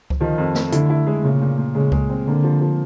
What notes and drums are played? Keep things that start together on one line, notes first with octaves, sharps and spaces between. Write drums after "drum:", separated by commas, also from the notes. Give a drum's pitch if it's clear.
drum: kick C#2
D#3 F3
F2
A3, drum: snare
D3 E4, drum: hi-hat
E4
G#3
A#2 C#3
A#2
A#2
C#3 G#3
G#3, drum: kick C#2
C4
D3 A#3
F3
F3